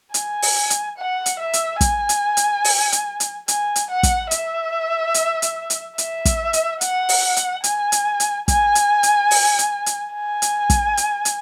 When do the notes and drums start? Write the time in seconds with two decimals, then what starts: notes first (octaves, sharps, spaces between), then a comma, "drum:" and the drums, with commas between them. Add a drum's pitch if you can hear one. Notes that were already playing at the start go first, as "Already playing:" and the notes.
0.14 G#5, drum: hi-hat
0.42 drum: open hi-hat
0.70 drum: hi-hat
0.98 F#5
1.26 drum: hi-hat
1.39 E5
1.53 drum: hi-hat
1.81 G#5, drum: kick, hi-hat
2.09 drum: hi-hat
2.37 drum: hi-hat
2.65 drum: open hi-hat
2.92 drum: hi-hat
3.20 drum: hi-hat
3.48 G#5, drum: hi-hat
3.76 drum: hi-hat
3.90 F#5
4.03 drum: kick, hi-hat
4.31 E5, drum: hi-hat
5.14 drum: hi-hat
5.42 drum: hi-hat
5.70 drum: hi-hat
5.98 E5, drum: hi-hat
6.25 drum: kick, hi-hat
6.53 drum: hi-hat
6.81 F#5, drum: hi-hat
7.09 drum: open hi-hat
7.36 drum: hi-hat
7.64 G#5, drum: hi-hat
7.92 drum: hi-hat
8.20 drum: hi-hat
8.48 G#5, drum: kick, hi-hat
8.75 drum: hi-hat
9.03 drum: hi-hat
9.31 drum: open hi-hat
9.59 drum: hi-hat
9.86 drum: hi-hat
10.14 G#5
10.42 drum: hi-hat
10.70 drum: kick, hi-hat
10.97 drum: hi-hat
11.25 drum: hi-hat